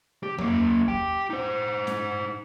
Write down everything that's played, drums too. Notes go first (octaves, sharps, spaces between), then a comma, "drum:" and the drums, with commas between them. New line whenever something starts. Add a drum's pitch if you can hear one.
G4
F#3 A#3, drum: tom E2
G4 G5, drum: kick D#2
D#4 C5
drum: snare